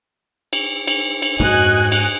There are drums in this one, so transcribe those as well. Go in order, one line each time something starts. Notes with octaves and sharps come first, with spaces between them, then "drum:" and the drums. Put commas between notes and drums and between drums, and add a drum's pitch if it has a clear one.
drum: cymbal
drum: cymbal
drum: cymbal
G#2 F#4 D#5 G#5 F#6, drum: tom
drum: cymbal